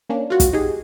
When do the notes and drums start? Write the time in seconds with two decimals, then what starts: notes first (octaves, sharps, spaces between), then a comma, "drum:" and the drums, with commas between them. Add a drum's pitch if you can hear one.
0.10 A#3 C#4 D4
0.30 F4 F#4
0.40 drum: kick, hi-hat
0.53 D#4 G4 G#4